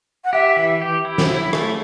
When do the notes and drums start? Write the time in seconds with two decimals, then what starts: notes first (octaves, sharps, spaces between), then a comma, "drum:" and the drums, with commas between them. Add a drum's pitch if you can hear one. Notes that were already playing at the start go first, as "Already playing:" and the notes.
0.24 F#5
0.33 G4 E5
0.57 E3
0.82 G4
1.05 E4
1.18 drum: snare
1.29 E4
1.53 A3, drum: rim click